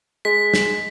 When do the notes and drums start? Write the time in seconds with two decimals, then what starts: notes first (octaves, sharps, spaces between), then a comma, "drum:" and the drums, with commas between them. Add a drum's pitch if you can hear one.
0.25 G#3 B6
0.54 drum: snare